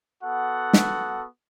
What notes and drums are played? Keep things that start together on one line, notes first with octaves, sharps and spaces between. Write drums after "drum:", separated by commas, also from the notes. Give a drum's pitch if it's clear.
B3 F#4 A4 F#5
drum: snare